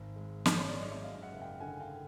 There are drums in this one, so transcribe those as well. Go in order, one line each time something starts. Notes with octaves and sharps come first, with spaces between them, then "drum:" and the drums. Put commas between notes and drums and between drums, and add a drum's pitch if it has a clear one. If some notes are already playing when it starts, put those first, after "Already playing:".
Already playing: G#1
G#3
F#2, drum: snare
C#5
D5
G#3
D#5
E5
F#2 D#5 F5
E5 F#5
F#1
F5 G5
D3 F#5 G#5
F5 G5